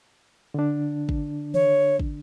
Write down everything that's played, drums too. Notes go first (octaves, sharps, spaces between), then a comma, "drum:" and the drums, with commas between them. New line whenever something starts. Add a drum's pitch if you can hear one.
D3 D4
drum: kick
C#5, drum: tom D#3
drum: kick